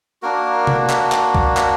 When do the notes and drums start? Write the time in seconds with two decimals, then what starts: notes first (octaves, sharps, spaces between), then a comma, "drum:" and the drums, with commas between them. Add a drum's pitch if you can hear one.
0.22 A#3 D4 F#4 A#4
0.67 drum: tom C3
0.90 drum: clap
1.12 drum: clap
1.35 drum: kick C2
1.57 drum: clap